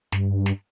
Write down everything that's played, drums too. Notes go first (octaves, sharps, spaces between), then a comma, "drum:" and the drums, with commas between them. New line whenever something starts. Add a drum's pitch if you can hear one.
G2, drum: snare
drum: snare